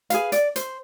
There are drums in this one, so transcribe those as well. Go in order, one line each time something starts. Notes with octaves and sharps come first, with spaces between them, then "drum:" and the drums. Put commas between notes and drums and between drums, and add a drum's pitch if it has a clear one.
G#4 B4 F5, drum: hi-hat
D5, drum: hi-hat
C5, drum: hi-hat